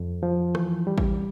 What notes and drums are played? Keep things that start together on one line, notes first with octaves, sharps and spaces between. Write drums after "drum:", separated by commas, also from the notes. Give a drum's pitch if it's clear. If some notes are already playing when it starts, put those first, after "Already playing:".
Already playing: F2
F3
E3, drum: rim click
G3
drum: kick A1